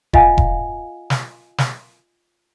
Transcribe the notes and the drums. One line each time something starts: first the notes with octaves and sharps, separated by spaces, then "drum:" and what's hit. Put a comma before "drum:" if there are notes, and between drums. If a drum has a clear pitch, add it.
F4 D#5 F5 F#5 G#5, drum: kick E1
drum: kick E1
drum: snare
drum: snare